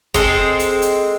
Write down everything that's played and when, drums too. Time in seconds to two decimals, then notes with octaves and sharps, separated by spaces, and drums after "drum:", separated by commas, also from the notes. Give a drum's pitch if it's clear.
0.14 G#3 C4 A4, drum: kick, hi-hat
0.59 drum: hi-hat
0.82 drum: hi-hat